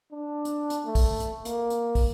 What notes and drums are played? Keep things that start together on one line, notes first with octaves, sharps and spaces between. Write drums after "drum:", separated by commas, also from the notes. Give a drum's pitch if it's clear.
D4
drum: hi-hat
drum: hi-hat
A3
drum: kick, open hi-hat
drum: hi-hat
A#3, drum: hi-hat
drum: hi-hat
drum: kick, open hi-hat